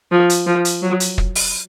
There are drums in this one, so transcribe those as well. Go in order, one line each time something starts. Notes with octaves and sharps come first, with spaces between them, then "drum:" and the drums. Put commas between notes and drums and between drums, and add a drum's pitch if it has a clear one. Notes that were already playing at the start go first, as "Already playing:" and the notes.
F3
drum: hi-hat
F3
drum: hi-hat
F#3
drum: hi-hat
drum: kick
drum: open hi-hat